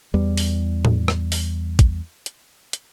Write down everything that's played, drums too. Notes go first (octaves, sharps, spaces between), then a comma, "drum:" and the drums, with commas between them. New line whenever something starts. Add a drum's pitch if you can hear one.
E2 G3
drum: open hi-hat
drum: tom A2
drum: rim click
drum: open hi-hat
drum: kick, hi-hat
drum: hi-hat
drum: hi-hat